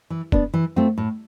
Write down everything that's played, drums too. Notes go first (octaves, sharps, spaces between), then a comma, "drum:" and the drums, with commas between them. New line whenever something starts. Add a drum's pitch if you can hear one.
E3
B3 D4, drum: kick
E3
A3 C4 F4
A2